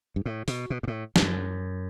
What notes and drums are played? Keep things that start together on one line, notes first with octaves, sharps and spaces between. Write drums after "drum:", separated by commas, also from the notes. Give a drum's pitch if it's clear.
G2
A2
B2, drum: open hi-hat
B2
G2
A2
G2, drum: snare
F#2